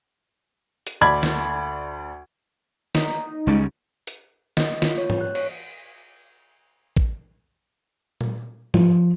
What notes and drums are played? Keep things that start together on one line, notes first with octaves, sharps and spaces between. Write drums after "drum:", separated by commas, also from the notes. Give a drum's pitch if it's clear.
drum: hi-hat
D2 D5 B5 G#6
drum: snare
D#4, drum: snare
C#2 G3 G#3 C#4
drum: hi-hat
D#5, drum: snare
F4, drum: snare
C#5
drum: tom
F#6
C#5, drum: cymbal
drum: kick
drum: tom A#2
F3, drum: tom